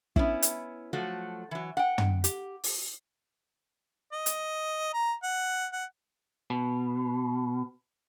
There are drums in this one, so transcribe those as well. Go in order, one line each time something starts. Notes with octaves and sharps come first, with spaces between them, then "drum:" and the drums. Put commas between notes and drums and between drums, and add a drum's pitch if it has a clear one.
B3 C#4 E4, drum: kick
drum: hi-hat
F3 F#3 A3 F#4
E3 F#3
F#5 G5
drum: tom
G4, drum: hi-hat
drum: open hi-hat
D#5
drum: hi-hat
A#5
F#5
F#5
B2